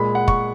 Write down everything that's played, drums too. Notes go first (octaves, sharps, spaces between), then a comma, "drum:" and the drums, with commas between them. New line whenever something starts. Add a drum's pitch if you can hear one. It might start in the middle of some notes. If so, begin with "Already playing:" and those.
Already playing: A#2 G#3 B5
F#5
C#6, drum: kick